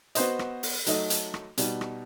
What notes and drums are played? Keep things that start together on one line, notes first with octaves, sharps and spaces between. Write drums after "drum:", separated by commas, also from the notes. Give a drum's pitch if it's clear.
B3 F#4 C5 D#5, drum: hi-hat
drum: rim click
drum: open hi-hat
F#3 A3 D#4 A4 D#5, drum: hi-hat
drum: hi-hat
drum: rim click
B2 G3 D#4, drum: hi-hat
drum: rim click